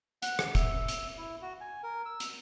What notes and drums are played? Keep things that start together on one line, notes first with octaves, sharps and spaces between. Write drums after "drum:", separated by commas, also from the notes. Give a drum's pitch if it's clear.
F#5, drum: hi-hat
drum: rim click
E5, drum: kick, hi-hat
drum: hi-hat
E4
F#4
G#5
A#4
E6
drum: hi-hat